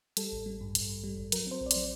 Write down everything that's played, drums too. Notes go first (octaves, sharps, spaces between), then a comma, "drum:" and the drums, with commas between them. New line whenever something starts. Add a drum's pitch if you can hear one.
G3 A4, drum: hi-hat
A1
G3
G2
A1, drum: hi-hat
G2
G3
A1
F#3 A#4, drum: hi-hat
C4 C5
A#1
D5
F#3 C5, drum: hi-hat